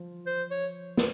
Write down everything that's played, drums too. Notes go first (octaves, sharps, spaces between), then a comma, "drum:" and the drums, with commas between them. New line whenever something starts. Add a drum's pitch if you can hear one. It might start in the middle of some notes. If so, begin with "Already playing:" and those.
Already playing: F3
C5
C#5
drum: snare